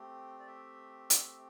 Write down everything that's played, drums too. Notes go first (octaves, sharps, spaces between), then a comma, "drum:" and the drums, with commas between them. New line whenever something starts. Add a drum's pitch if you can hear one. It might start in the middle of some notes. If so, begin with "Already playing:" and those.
Already playing: A3 C4 G4
D5
E5
drum: hi-hat